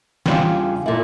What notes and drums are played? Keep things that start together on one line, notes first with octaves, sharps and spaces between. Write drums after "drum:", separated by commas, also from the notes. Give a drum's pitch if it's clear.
E2 C#3 G3 D4 F4, drum: snare
A#2 A3 E4